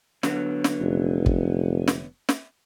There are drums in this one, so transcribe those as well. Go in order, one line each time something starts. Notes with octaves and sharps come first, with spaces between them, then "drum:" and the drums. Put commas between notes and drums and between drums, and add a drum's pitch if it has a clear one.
D3 F#3 B3, drum: snare
drum: snare
F1
drum: kick
drum: snare
drum: snare